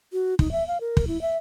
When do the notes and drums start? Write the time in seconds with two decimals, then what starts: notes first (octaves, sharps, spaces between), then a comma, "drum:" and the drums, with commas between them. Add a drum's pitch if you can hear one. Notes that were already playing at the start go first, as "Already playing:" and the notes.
0.13 F#4
0.39 D#4, drum: kick
0.52 E5
0.67 F5
0.81 A#4
0.97 drum: kick
1.07 E4
1.22 E5